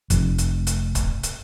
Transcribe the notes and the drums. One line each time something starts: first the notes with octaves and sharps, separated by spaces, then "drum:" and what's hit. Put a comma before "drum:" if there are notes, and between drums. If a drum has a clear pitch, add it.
F1, drum: hi-hat
drum: hi-hat
drum: hi-hat
drum: kick, hi-hat
drum: hi-hat